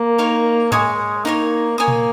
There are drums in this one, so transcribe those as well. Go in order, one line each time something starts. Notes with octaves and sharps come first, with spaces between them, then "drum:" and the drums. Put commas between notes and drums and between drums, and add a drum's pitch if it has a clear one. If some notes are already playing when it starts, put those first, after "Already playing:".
Already playing: A#3
D#4 A#4 C#5
G#3 C#5 G#5 D#6, drum: tom G#2
A#3 D#4 A#4 C#5
A#3 C#5 G#5 D#6
drum: tom A#2